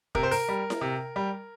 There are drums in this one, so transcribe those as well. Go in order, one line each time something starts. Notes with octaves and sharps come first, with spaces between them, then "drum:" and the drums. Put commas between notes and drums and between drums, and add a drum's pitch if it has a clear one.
C3 A#4, drum: kick
C5
A#4, drum: open hi-hat
G3
drum: snare E4
C3
G3